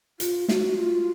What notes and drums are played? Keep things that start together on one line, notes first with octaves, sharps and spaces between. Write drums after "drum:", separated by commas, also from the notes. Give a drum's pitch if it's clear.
F4, drum: hi-hat
F#4, drum: snare
F4